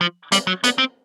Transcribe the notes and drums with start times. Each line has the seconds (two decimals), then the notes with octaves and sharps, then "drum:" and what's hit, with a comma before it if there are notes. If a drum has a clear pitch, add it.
0.01 F3
0.32 G3, drum: hi-hat
0.47 F#3
0.64 B3, drum: hi-hat
0.78 C4